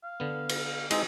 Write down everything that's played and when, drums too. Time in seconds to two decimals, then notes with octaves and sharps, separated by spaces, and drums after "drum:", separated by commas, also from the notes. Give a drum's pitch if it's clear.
0.04 F5
0.20 D3 B3
0.49 drum: cymbal
0.90 G#3 C4 D#4 G#4, drum: cymbal